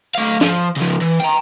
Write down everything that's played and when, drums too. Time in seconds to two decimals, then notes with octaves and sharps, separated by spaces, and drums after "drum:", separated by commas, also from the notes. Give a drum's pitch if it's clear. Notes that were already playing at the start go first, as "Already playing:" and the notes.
0.15 A3 F5
0.41 F3, drum: snare
0.76 C#3 F3
1.01 E3
1.20 G5 A#5, drum: hi-hat